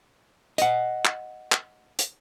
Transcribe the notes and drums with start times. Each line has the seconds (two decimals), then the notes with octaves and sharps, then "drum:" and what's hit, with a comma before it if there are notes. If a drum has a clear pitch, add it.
0.58 D#5 F#5, drum: hi-hat
1.05 drum: clap
1.52 drum: clap
1.99 drum: hi-hat